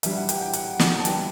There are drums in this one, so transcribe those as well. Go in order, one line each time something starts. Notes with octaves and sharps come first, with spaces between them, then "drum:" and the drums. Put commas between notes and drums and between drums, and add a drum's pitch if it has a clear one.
E3 G3 D4 E5, drum: hi-hat
F#5
G5, drum: hi-hat
G5
F#5, drum: hi-hat
drum: snare
A5
E3 G3 D4 G5, drum: hi-hat